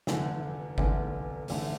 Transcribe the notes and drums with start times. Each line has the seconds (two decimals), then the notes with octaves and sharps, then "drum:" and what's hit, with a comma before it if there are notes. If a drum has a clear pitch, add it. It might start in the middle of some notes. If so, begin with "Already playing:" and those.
0.07 F1 E2 D3 A3, drum: snare
0.78 F1 E2 D3 A3, drum: kick G1
1.48 F1 E2 D3 A3, drum: open hi-hat